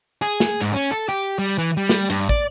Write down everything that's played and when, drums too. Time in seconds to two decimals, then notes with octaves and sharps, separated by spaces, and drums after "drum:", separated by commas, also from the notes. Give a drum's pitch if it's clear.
0.22 G#4
0.40 drum: snare
0.61 G#2, drum: hi-hat
0.73 C#4
0.91 A4
1.09 G4
1.39 G3
1.58 E3
1.77 G3
1.89 drum: snare
2.10 G2, drum: hi-hat
2.29 D5, drum: kick